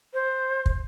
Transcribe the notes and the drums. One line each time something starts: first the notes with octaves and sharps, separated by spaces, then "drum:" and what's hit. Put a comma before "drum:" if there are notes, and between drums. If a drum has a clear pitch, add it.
C5
drum: kick